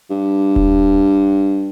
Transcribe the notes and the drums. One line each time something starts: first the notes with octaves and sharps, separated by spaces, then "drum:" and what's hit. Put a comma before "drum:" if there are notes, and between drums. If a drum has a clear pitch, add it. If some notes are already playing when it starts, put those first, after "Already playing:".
G2
drum: kick D#1